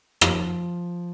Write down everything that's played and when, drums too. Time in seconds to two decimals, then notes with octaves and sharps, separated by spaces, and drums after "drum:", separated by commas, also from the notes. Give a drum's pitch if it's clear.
0.21 F3, drum: rim click